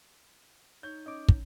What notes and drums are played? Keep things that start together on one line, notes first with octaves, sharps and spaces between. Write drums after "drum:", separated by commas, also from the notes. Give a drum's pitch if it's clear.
D#4 C#5 G6
C#4 D#5 D6
drum: kick